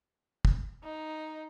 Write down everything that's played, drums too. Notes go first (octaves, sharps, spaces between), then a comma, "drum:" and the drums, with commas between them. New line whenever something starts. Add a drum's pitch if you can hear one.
drum: kick
D#4